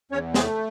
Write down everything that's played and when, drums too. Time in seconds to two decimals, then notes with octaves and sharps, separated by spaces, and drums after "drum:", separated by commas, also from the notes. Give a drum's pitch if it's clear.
0.11 E2 C#4 C#5
0.34 G#3 A3 G#4, drum: snare